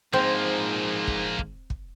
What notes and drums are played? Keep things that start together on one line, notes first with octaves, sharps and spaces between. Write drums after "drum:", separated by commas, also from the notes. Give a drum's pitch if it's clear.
G#2 F3 A#3 C4
drum: kick
drum: kick
drum: kick